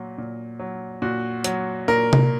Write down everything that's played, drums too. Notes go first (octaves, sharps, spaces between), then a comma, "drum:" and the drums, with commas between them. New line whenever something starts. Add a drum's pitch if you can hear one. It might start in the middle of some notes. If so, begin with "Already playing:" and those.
Already playing: A#2 F#3
A#2
F#3
A#2 F#4
F#3, drum: hi-hat
A#2 A#4
drum: tom C3